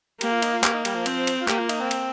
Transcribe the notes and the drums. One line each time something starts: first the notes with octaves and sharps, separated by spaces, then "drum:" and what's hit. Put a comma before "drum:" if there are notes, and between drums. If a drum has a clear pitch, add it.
A#3 G4, drum: cymbal
F4
D#4, drum: cymbal
F4
A#3 G4, drum: clap
D#4
G3, drum: cymbal
F3
C4, drum: cymbal
drum: cymbal
F4
A#3 G4, drum: clap
F4
D#4, drum: cymbal
C4
drum: cymbal